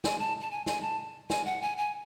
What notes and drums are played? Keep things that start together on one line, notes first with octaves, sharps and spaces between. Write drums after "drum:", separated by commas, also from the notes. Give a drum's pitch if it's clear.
G#5, drum: snare
A5
A5
G#5
G#5, drum: snare
A5
G#5, drum: snare
F#5
G#5
G#5